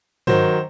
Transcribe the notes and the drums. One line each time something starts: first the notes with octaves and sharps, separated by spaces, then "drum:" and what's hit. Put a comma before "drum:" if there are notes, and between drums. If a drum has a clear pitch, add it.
D#3 F#3 C5, drum: tom G2